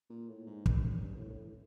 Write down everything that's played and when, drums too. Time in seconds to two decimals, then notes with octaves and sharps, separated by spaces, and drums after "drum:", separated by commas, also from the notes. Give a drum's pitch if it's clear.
0.10 A#2
0.29 A2
0.47 G#2
0.66 G2, drum: kick
0.77 G2
0.84 F#2
1.03 G2
1.16 A2
1.30 A2